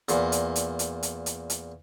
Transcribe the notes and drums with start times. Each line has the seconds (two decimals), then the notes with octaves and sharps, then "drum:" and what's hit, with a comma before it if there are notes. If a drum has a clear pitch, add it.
0.09 E2 A#2, drum: hi-hat
0.32 drum: hi-hat
0.56 drum: hi-hat
0.79 drum: hi-hat
1.03 drum: hi-hat
1.26 drum: hi-hat
1.50 drum: hi-hat